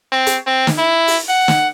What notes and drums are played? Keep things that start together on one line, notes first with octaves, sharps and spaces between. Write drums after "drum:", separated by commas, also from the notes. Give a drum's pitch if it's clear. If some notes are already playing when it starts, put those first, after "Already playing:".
C4
drum: hi-hat
C4
drum: snare
E4
drum: open hi-hat
F#5
drum: snare